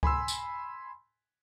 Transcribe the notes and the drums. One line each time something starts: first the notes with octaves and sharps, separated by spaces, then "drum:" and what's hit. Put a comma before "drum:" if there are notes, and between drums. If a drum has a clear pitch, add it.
G#5 B5 C6 E6, drum: kick C#2
drum: tambourine